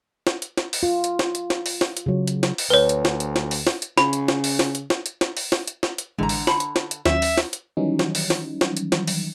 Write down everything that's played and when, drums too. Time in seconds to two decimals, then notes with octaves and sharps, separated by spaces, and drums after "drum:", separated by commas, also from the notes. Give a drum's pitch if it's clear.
0.27 drum: snare
0.42 drum: hi-hat
0.57 drum: snare
0.73 drum: open hi-hat
0.83 F4
1.04 drum: hi-hat
1.19 drum: snare
1.35 drum: hi-hat
1.50 drum: snare
1.66 drum: open hi-hat
1.81 drum: snare
1.97 drum: hi-hat
2.06 C#3 F#3
2.27 drum: hi-hat
2.43 drum: snare
2.58 drum: open hi-hat
2.70 D2 B4 C#5
2.89 drum: hi-hat
3.05 drum: snare
3.20 drum: hi-hat
3.36 drum: snare
3.51 drum: open hi-hat
3.67 drum: snare
3.82 drum: hi-hat
3.97 C#3 B5, drum: snare
4.13 drum: hi-hat
4.28 drum: snare
4.44 drum: open hi-hat
4.59 drum: snare
4.75 drum: hi-hat
4.90 drum: snare
5.06 drum: hi-hat
5.21 drum: snare
5.37 drum: open hi-hat
5.52 drum: snare
5.67 drum: hi-hat
5.83 drum: snare
5.98 drum: hi-hat
6.18 A1 D3 E3 G#3 A#5
6.29 drum: open hi-hat
6.47 A5 B5 C6 C#7, drum: snare
6.60 drum: hi-hat
6.76 drum: snare
6.91 drum: hi-hat
7.06 D#2 F#3 C#4 E5, drum: snare
7.22 drum: open hi-hat
7.37 drum: snare
7.53 drum: hi-hat
7.77 D#3 E3 F#3 G3 C#4 D#4
7.99 drum: snare
8.15 drum: open hi-hat
8.30 drum: snare
8.61 drum: snare
8.77 drum: hi-hat
8.92 drum: snare
9.07 drum: open hi-hat